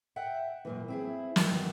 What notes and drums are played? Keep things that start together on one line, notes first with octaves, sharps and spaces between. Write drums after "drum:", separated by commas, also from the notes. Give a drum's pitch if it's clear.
E5 F#5 G5
F#2 A#2 E3
C4 E4 G#4
G2 D#3 B3 F#4, drum: snare